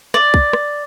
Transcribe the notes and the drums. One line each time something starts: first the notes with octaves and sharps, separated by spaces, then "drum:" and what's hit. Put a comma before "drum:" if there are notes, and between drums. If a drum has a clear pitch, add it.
D5, drum: rim click
drum: kick
drum: rim click